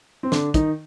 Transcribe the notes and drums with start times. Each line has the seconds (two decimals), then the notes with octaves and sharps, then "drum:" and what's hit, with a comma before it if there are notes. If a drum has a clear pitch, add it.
0.23 C4
0.32 D3 D4, drum: snare
0.54 D#3 D#4, drum: kick, hi-hat